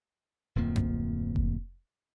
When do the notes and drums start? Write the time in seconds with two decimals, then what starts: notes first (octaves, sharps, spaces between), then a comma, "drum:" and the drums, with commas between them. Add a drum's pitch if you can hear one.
0.56 D1 F2 F3 A#3
0.76 drum: tom F2
1.36 drum: kick F1